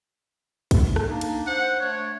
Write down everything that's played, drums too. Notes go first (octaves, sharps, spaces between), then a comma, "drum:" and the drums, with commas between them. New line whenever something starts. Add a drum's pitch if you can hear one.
drum: kick B1, cymbal
drum: rim click
A#3 D4 D#4
drum: cymbal
C5 F#5
A3 D4 C#5